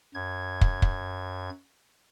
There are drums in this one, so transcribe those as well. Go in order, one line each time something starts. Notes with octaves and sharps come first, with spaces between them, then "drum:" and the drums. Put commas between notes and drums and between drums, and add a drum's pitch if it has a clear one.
F#2 G#6
drum: kick
drum: kick